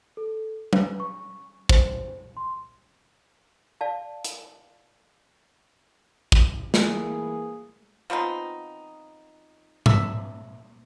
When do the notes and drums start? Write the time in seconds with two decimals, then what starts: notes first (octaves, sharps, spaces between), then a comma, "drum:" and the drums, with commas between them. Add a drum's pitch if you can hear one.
0.17 A4
0.73 B4, drum: tom F#3
1.00 C#6
1.69 C5, drum: kick
2.37 C6
3.81 D5 F5 A5
4.25 drum: hi-hat
6.32 drum: kick
6.74 E3 A#3 G#4, drum: snare
8.10 F3 B3 C4 D#4
9.86 E5, drum: tom G#2